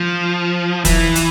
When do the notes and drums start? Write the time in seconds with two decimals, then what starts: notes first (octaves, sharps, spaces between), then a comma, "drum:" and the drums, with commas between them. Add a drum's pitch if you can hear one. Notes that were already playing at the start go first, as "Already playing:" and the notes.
Already playing: F3
0.85 E3, drum: kick, hi-hat
1.15 drum: hi-hat